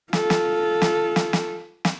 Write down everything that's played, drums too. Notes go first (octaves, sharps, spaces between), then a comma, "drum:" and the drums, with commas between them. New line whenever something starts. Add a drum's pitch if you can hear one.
F4 A4, drum: snare
drum: snare
drum: snare
drum: snare
drum: snare
drum: snare